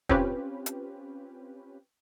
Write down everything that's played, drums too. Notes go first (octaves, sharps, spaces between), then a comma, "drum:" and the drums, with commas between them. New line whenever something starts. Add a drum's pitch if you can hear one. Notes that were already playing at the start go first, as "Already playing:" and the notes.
C4 C#4 F4 G4 B4, drum: kick
drum: hi-hat